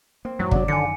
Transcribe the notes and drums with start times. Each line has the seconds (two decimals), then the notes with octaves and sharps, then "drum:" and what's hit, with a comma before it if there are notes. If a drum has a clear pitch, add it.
0.25 A#3 C4
0.39 F#2 A2 D#3 F#3
0.51 B2 A#3 B3 D4, drum: kick
0.68 F#2 D3 D#3 G#5 C#7